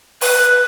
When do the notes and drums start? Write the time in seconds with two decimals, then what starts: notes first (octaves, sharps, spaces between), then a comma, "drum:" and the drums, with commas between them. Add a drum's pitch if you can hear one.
0.21 B4, drum: open hi-hat